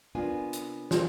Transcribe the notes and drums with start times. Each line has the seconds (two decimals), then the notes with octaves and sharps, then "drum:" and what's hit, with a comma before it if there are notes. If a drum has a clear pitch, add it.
0.15 C3 B3 D4 F4 A#4 G#5
0.53 drum: hi-hat
0.91 drum: snare